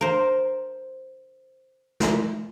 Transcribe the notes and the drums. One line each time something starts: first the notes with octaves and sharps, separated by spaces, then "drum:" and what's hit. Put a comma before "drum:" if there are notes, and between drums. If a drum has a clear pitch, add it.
A#4 C5
drum: snare